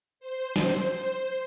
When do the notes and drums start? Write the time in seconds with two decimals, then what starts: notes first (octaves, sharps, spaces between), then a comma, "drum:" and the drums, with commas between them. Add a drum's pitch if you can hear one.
0.20 C5
0.56 drum: snare